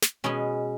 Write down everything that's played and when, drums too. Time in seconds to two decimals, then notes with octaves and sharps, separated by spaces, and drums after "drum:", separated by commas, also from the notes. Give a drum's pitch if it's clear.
0.02 drum: snare
0.24 B2 G#3 C#4